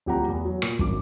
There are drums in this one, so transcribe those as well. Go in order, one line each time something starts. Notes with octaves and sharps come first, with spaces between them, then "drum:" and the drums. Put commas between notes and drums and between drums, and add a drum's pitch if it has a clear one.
D1 F3 G4 F#5 A#5
E2
F#3
A#2, drum: rim click
G#1 F#2 D6, drum: kick